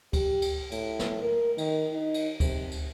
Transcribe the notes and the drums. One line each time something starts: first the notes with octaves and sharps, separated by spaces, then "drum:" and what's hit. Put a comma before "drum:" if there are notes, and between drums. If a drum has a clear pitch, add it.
G4, drum: kick C#2, cymbal
drum: cymbal
A2, drum: cymbal
drum: snare
A#4
D#3, drum: cymbal
D#4
drum: cymbal
C3, drum: kick C#2, cymbal
drum: cymbal